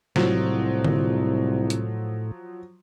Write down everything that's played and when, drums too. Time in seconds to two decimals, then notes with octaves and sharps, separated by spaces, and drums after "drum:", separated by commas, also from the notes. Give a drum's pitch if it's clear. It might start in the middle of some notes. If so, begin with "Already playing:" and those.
0.16 C2 A2 F3 F#3, drum: snare
0.85 drum: tom D3
1.70 drum: hi-hat